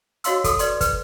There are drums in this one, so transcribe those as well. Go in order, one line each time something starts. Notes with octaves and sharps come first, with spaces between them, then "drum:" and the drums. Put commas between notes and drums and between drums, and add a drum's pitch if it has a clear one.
F#4 C#5 D#5 F5 C6 E6, drum: hi-hat
A4 D#6, drum: kick, hi-hat
B4 D5 C6, drum: hi-hat
B4, drum: kick, hi-hat